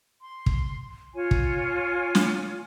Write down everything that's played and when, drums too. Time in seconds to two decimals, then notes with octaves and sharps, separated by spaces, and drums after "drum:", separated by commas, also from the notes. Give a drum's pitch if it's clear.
0.22 C6
0.46 drum: kick
1.14 F4 C#5 G#5
1.31 drum: kick
2.15 drum: snare